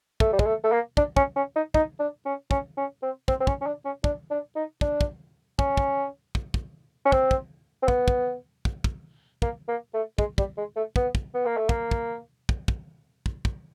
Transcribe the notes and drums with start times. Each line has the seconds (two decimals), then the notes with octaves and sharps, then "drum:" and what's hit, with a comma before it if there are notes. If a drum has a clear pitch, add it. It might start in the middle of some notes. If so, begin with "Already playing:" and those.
0.20 A3, drum: kick
0.33 G3
0.39 G#3, drum: kick
0.46 A3
0.64 A3
0.72 A#3
0.97 D4, drum: kick
1.17 C#4, drum: kick
1.36 C#4
1.56 D#4
1.74 D#4, drum: kick
1.99 D4
2.25 C#4
2.51 C#4, drum: kick
2.77 C#4
3.02 C4
3.28 C4, drum: kick
3.41 C4
3.47 C#4, drum: kick
3.61 C#4
3.66 D4
3.85 C#4
4.04 D4, drum: kick
4.31 D4
4.56 D#4
4.81 D4, drum: kick
5.01 drum: kick
5.59 C#4, drum: kick
5.77 drum: kick
6.35 drum: kick
6.54 drum: kick
7.05 C#4
7.12 C4, drum: kick
7.31 drum: kick
7.82 C4
7.88 B3, drum: kick
8.08 drum: kick
8.65 drum: kick
8.84 drum: kick
9.42 A#3, drum: kick
9.68 A#3
9.94 A3
10.18 G#3, drum: kick
10.38 G3, drum: kick
10.58 G#3
10.76 A3
10.96 B3, drum: kick
11.15 drum: kick
11.34 B3
11.46 A#3
11.57 A3
11.69 A#3, drum: kick
11.91 drum: kick
12.49 drum: kick
12.68 drum: kick
13.26 drum: kick
13.45 drum: kick